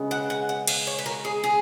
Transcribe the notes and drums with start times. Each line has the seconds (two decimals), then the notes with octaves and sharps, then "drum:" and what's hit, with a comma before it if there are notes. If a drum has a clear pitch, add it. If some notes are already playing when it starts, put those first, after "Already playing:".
Already playing: C#3 G#3 B3
0.11 F#5
0.30 F#5
0.49 F#5
0.67 F5, drum: cymbal
0.87 C#5
0.98 B4
1.06 A#4
1.25 G#4
1.44 G#4